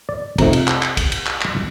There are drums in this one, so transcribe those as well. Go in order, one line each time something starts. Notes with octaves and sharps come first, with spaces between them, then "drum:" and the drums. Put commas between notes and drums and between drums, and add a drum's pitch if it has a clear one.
D5
F2 C3 F3 A3 D#4 A#5, drum: kick, cymbal
drum: cymbal
drum: clap
drum: clap
drum: kick, cymbal
drum: cymbal
drum: clap
drum: clap